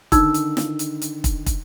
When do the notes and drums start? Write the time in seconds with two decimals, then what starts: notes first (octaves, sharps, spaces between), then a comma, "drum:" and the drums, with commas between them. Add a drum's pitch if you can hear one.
0.12 D3 D#3 D#4 E6, drum: kick, hi-hat
0.34 drum: hi-hat
0.57 drum: snare
0.79 drum: hi-hat
1.02 drum: hi-hat
1.24 drum: kick, hi-hat
1.46 drum: kick, hi-hat